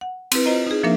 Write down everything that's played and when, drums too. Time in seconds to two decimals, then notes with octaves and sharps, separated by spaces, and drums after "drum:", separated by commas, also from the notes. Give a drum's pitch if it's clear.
0.01 F#5
0.32 C4 E4 B4, drum: cymbal
0.45 F4 C5 D#5 A#5
0.67 D#4 G#4
0.83 F3 A#3 D4 A#4 E5